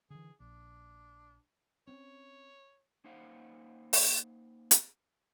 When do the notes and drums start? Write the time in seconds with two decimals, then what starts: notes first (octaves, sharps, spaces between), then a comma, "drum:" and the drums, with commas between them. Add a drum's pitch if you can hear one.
0.10 D3 E3 G#4
0.40 A#1 D4
1.87 C4 C#4 C#5
3.04 A#3 C#4 D#4 C5 F5 F#5
3.93 drum: open hi-hat
4.71 drum: hi-hat